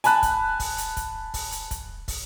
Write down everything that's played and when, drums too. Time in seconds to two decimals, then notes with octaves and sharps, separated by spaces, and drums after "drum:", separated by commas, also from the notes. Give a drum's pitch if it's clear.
0.04 G#5 A5 B5 F#6, drum: hi-hat
0.23 drum: kick, hi-hat
0.60 drum: kick, open hi-hat
0.78 drum: hi-hat
0.97 drum: kick, hi-hat
1.34 drum: kick, open hi-hat
1.52 drum: hi-hat
1.71 drum: kick, hi-hat
2.08 drum: kick, open hi-hat